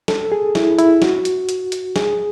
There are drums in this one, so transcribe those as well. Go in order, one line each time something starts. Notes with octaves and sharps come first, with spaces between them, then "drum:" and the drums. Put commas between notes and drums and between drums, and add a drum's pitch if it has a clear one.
A4, drum: snare
G#4
E4, drum: snare
E4, drum: hi-hat
F#4, drum: snare
drum: hi-hat
drum: hi-hat
drum: hi-hat
G#4, drum: snare